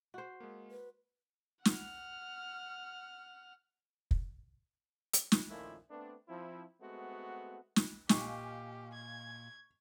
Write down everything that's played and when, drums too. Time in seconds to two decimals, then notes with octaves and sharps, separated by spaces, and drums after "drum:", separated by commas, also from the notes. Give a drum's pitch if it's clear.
0.14 F#4 C5
0.40 G#3 A#3
0.71 B4
1.65 F#5 F6, drum: snare
4.11 drum: kick
5.14 drum: hi-hat
5.32 drum: snare
5.50 A#2 D#3 F3 A3 C#4 E4
5.90 A3 B3 C4 D4
6.28 F3 C4 E4
6.81 G#3 A3 B3 C4 F#4
7.76 drum: snare
8.09 A#2 G4 D#5 F5 G#5 C#6, drum: snare
8.94 G#6